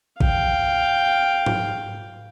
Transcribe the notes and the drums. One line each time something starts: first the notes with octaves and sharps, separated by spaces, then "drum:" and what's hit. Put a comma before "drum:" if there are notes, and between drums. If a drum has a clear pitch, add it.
F5 G5, drum: kick A1
drum: tom G#2